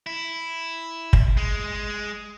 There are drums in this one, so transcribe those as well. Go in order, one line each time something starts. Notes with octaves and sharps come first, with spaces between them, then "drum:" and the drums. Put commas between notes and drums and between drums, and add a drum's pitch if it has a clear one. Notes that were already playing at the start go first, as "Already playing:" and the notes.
E4
drum: kick
G#3